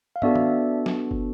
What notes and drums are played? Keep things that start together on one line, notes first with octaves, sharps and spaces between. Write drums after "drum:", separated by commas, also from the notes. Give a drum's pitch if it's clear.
F5
B3 D4 F#4 A4 D5 E5, drum: tom
drum: tom D#3
drum: snare
drum: kick